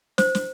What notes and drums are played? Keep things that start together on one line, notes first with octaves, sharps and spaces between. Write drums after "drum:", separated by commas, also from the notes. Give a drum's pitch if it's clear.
C5, drum: snare
drum: snare